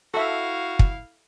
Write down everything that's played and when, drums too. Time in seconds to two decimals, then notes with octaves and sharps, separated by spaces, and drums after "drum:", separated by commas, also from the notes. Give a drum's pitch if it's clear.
0.14 E4 F#4 A4 E5 F5
0.79 drum: kick